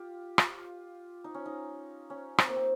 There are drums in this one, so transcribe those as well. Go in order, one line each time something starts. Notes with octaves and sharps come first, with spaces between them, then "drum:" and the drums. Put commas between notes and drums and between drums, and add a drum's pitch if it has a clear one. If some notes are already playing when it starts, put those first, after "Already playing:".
Already playing: F4 G4
F4, drum: rim click
D#4
C#4
D#4
C#4
C4, drum: rim click
A#3
C4